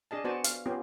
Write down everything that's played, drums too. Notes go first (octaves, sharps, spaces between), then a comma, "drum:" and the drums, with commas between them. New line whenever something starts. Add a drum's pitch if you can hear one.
D4 G#4 D#5 A5
B3 F#4 C5 D5 G#5 A5
F5, drum: hi-hat
B3 C#4 F4 G4